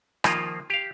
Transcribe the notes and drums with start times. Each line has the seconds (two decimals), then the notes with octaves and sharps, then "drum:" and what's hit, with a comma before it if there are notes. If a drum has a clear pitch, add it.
0.24 D#3 F3 A#3 F4, drum: rim click
0.70 G4 F5